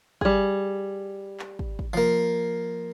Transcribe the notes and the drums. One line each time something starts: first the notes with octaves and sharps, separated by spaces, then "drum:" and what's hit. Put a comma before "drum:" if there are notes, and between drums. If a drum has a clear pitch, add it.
G3 G#4, drum: kick
drum: clap
drum: kick
drum: kick
F3 A#3